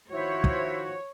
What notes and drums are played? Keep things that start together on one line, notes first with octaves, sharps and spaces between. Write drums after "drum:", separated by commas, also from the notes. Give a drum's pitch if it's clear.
D#3 F3 E4 F#4 C5 C#5
drum: kick